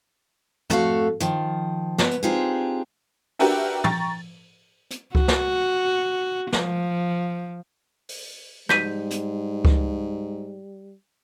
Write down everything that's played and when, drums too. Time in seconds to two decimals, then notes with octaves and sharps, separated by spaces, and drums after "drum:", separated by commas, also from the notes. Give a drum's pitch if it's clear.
0.70 F2 A3 F#4 A4 C#5 F5, drum: tom
1.20 D#3 F3, drum: hi-hat
1.98 A#2 B3, drum: snare
2.11 drum: hi-hat
2.23 C4 D4 D#4 F4 G4 G#4
3.39 D4 F#4 G4 A#4 B4 E5, drum: open hi-hat
3.84 G5 A#5 C#6 A6, drum: tom
4.91 drum: hi-hat
5.15 F#4, drum: kick C#2
5.28 drum: snare
6.52 F3, drum: snare
8.09 drum: open hi-hat
8.69 G#2 G3 G6 B6 D#7, drum: rim click
9.11 drum: hi-hat
9.65 drum: kick C#2